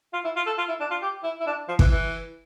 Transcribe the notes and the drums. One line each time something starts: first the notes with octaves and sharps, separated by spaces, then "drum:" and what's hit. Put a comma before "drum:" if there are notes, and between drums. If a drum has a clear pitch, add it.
F4
E4
F4
A4
F4
E4
D4
F4
G4
E4
E4
D4
F3
E3, drum: kick
E3